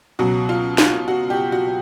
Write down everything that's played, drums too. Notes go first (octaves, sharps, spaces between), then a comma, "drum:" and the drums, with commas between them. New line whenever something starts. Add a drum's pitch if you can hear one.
C#2 B2 F#3 F#4
F4
F4, drum: snare
F#4
G4
F#4